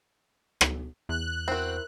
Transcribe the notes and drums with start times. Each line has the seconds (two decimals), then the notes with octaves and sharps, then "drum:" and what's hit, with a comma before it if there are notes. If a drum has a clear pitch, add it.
0.61 drum: rim click
1.09 E2 F#6
1.48 C4 E4 F#4 A#4 C5